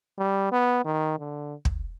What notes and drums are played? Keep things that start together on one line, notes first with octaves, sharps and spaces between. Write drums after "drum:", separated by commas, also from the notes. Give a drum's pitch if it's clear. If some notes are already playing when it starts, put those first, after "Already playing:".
G3
B3
D#3
D3
drum: kick